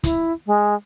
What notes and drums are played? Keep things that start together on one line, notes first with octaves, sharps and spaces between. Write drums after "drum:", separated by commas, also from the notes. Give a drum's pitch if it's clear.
E4, drum: kick, hi-hat
G#3